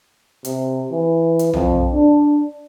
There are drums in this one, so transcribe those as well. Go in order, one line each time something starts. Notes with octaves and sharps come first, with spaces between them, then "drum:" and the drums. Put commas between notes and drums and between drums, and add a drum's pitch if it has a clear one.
C3, drum: hi-hat
E3
drum: hi-hat
F2, drum: tom B1
D4